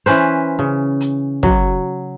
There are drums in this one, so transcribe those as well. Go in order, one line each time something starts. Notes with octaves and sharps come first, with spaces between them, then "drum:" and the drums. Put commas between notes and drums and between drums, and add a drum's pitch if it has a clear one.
E3 C#4 B4 C5, drum: open hi-hat
C#3
drum: hi-hat
F#3, drum: kick